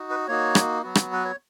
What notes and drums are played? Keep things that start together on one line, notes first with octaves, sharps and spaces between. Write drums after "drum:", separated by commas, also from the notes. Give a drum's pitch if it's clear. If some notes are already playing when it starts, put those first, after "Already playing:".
Already playing: D#4 F#4
B4
A#3 D#4 F#4 C#5
drum: rim click
F#3 B3 F#4
drum: rim click
B4
C#5